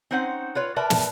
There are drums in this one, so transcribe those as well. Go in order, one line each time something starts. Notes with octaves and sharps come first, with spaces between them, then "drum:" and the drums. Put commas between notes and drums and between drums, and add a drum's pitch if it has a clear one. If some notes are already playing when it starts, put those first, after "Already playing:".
C4 C#4 D#4 C5 F#5
F4 B4 C#5
A#4 B4 D5 E5 A5
drum: snare